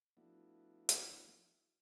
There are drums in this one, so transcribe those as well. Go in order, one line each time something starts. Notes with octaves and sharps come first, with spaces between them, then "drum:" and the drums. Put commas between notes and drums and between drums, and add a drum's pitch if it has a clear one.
F3 A3 B3 D4 E4 F#4
drum: hi-hat